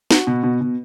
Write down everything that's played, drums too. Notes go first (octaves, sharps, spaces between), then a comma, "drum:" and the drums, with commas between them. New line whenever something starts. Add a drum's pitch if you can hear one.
F#4, drum: snare
B2
B2
B2